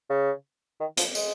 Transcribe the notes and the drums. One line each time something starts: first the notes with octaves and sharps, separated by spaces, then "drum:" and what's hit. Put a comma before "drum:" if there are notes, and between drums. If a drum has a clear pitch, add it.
C#3
D#3
F3, drum: hi-hat
G#3, drum: tambourine